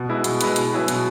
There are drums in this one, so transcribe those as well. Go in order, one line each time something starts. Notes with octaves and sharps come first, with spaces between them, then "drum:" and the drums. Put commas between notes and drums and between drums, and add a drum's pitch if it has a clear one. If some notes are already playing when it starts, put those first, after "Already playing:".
Already playing: B2
G#3 E4 B4
B2, drum: hi-hat
G#3 E4 B4, drum: hi-hat
B2, drum: hi-hat
F#3 E4 G#4 B4
B2, drum: hi-hat